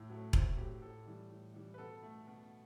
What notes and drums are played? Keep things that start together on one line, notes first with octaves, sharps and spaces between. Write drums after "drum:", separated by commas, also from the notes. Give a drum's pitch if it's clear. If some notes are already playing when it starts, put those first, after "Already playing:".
Already playing: A2
F#3 A3
A2 C4, drum: kick E1
F#3 A3 G4
A2 A4
E3 G3
A2
E3 G3
B4
B2 A4
A3
B2